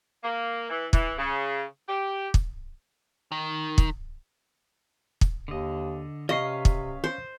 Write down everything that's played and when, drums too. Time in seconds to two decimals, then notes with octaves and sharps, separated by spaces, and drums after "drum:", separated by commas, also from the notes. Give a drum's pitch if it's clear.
0.23 A#3
0.70 E3
0.93 E3, drum: kick
1.18 C#3
1.89 G4
2.34 drum: kick
3.32 D#3
3.78 drum: kick
5.21 drum: kick
5.48 D#2 D3 D#5
6.29 C3 C#4 B4 D#5 F5 C#6 F6 C7
6.65 drum: kick
7.04 C5